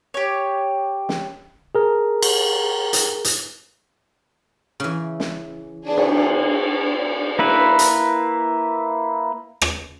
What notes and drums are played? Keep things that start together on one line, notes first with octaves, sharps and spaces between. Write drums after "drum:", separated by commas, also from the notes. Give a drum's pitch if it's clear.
G4 C#5
drum: snare
G#4 A#4
drum: cymbal
drum: hi-hat
drum: hi-hat
C#3 E3
drum: snare
B3 D4 G#4
drum: cymbal
A#3 E4 B4
drum: hi-hat
drum: rim click